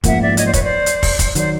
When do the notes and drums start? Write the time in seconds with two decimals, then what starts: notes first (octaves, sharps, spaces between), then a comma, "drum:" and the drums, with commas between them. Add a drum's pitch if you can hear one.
0.04 A1 G#2 F3 A#3 E5 F#5, drum: kick, hi-hat
0.21 D5 E5
0.37 C#5 D#5, drum: hi-hat
0.45 C5 D5
0.53 B4 C#5, drum: kick, hi-hat
0.61 C5 D5
0.86 drum: hi-hat
1.03 drum: kick, open hi-hat
1.19 drum: kick, hi-hat
1.35 D#3 F#3 C5 D5, drum: hi-hat